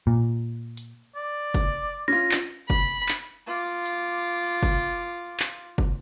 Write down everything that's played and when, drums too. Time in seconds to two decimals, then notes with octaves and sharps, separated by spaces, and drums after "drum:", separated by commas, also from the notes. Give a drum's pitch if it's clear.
0.07 A#2
0.77 drum: hi-hat
1.16 D5
1.54 drum: kick, hi-hat
2.08 C#4 F4 A#6
2.31 drum: clap
2.70 B5, drum: kick
3.09 drum: clap
3.47 F4 D6
3.86 drum: hi-hat
4.63 drum: kick, hi-hat
5.40 drum: clap
5.78 drum: kick